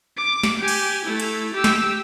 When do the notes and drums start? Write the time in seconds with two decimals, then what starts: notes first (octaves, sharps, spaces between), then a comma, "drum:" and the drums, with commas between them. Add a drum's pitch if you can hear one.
0.17 D6
0.43 drum: snare
0.59 G4 G#5
0.68 drum: cymbal
1.05 A3 E4
1.20 drum: cymbal
1.54 G4 E6
1.64 drum: snare